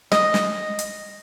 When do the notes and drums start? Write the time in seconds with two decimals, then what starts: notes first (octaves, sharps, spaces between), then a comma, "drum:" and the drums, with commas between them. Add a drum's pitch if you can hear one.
0.12 D#5, drum: snare
0.34 drum: snare
0.79 drum: hi-hat